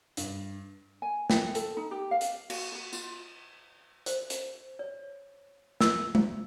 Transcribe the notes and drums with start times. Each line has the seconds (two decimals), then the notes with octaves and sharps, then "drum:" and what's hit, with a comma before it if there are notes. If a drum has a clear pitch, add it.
0.17 G2, drum: hi-hat
1.02 G#5
1.30 G5, drum: snare
1.55 A4, drum: hi-hat
1.77 D#4
1.91 G4
2.11 F5
2.21 drum: hi-hat
2.50 F#4, drum: cymbal
2.75 F#4
2.93 F4, drum: tambourine
4.06 C5, drum: hi-hat
4.30 drum: hi-hat
4.79 C#5
5.81 E6, drum: snare
6.15 drum: tom G#3